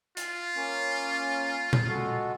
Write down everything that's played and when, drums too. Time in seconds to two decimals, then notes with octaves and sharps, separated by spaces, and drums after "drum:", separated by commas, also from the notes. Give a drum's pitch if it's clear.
0.17 F4, drum: hi-hat
0.56 A#3 C#4
1.73 drum: tom A#2
1.89 G#3 F#4 A4